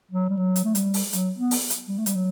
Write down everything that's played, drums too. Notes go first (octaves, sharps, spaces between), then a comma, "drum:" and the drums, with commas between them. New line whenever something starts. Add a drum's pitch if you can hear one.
F#3
G3
F#3
drum: hi-hat
A3
G3, drum: hi-hat
drum: open hi-hat
F#3, drum: hi-hat
B3
drum: open hi-hat
drum: hi-hat
G3
A3
G3, drum: hi-hat
F#3